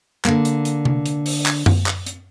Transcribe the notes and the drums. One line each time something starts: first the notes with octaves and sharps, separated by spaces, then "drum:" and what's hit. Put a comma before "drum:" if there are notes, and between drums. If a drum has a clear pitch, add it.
D3 A#3, drum: clap
drum: hi-hat
drum: hi-hat
drum: tom C3
drum: hi-hat
drum: open hi-hat
drum: clap
drum: tom F#2
drum: clap
drum: hi-hat